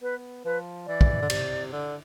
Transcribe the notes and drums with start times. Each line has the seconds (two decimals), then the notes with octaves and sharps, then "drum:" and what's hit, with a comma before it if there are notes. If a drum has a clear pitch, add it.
0.02 B3 B4
0.45 F3 B4
0.87 E3 D5
1.01 drum: kick
1.22 D3
1.30 C3, drum: cymbal
1.72 D3